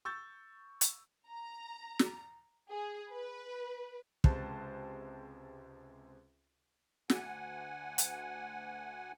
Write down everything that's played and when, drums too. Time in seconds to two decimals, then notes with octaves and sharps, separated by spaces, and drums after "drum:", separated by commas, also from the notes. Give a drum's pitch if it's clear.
0.05 C#6 E6 G6 A6
0.81 drum: hi-hat
1.28 A#5
1.99 drum: snare
2.70 G#4
3.11 B4
4.24 C#2 C3 G#3 C5 A5 F#6, drum: kick
7.10 D2 F#5 G#5, drum: snare
7.98 drum: hi-hat